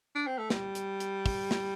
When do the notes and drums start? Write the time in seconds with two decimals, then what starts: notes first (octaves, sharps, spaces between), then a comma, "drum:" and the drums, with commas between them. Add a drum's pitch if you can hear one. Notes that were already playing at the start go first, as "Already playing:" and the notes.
0.16 D4
0.27 C4
0.38 A3
0.50 G3, drum: snare
0.75 drum: hi-hat
1.00 drum: hi-hat
1.26 drum: kick, open hi-hat
1.51 drum: snare